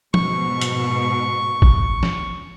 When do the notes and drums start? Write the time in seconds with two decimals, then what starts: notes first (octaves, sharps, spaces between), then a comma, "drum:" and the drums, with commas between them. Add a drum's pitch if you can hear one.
0.14 G#2 B2 C#6, drum: tom F3
0.61 drum: hi-hat
1.62 drum: kick
2.03 drum: snare F3